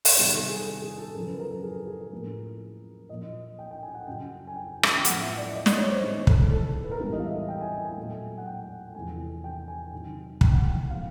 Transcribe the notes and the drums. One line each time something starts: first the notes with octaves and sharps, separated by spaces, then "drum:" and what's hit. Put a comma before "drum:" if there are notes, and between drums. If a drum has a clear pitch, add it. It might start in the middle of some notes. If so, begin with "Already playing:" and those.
drum: open hi-hat
C3 D#3 G3 B3 G#4
A4
G#4
A4
G#4
A4
F#2 C#3 F3 A#4
B4
A#4
A4
G#4
A4
G#4
A#4
A2 F3 A#3
A#2 F3 A#3 D#5
G5
G5
G#5
F#5
F#2 C#3 F#3 G5
G#5
G5
drum: rim click
G5
A2 F3 G#3 B3 F#5, drum: hi-hat
E5
D5
D5
D#5
D5, drum: snare
C#5
C5
G#2 D#3 G#3 B3
A4, drum: kick
A4
B4
A#4
G#2 E3 G3 B3 A4
D#5
F5
E5
E5
G5
G#5
G#5
G#5
A#2 F#3 A3
F#5
G5
E2 C3 F3 A3 G#5
G5
G#5
C3 D#3 F#3
G5, drum: kick
F#5
G5
C3 F3 G#3 B3 F5